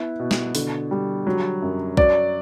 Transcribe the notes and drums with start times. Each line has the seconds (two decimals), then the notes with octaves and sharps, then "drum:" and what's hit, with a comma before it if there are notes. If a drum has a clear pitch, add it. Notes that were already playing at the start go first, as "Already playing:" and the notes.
Already playing: B3 E4
0.20 B2
0.31 drum: snare
0.55 D3, drum: open hi-hat
0.91 G3
1.27 F#3
1.62 F#2
1.97 F#3 D5, drum: kick B1